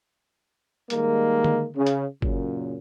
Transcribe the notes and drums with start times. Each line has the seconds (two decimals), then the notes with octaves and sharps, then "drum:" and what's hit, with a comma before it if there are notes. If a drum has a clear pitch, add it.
0.90 D#3 G3 G#3 A#3, drum: hi-hat
1.44 drum: tom D3
1.76 C#3
1.87 drum: hi-hat
2.22 F#2 A#2 C#3, drum: kick G1